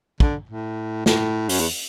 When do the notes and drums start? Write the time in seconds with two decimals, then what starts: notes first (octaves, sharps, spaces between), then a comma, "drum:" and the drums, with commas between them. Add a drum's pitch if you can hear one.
0.20 D3, drum: kick
0.49 A2
1.06 A2, drum: snare
1.49 F#2, drum: open hi-hat
1.60 E2